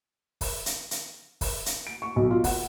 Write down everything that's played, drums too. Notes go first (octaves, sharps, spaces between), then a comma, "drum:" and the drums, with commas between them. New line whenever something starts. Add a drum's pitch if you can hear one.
drum: kick, open hi-hat
drum: hi-hat
drum: hi-hat
drum: kick, open hi-hat
drum: hi-hat
D7
C#6
B1
F4
F#5, drum: kick, open hi-hat